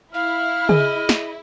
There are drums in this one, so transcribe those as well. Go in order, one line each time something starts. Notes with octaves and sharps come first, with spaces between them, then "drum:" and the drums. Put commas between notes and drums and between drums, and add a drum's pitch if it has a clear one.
E4 F5 F6
G#4 D#5, drum: tom
drum: snare